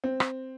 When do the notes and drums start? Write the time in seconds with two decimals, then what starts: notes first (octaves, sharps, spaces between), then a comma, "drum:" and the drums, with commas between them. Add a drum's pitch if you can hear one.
0.04 C4
0.20 drum: rim click